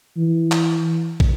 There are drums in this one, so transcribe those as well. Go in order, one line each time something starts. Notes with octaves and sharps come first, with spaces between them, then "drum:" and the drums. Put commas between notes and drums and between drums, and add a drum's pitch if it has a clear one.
E3
drum: clap
drum: kick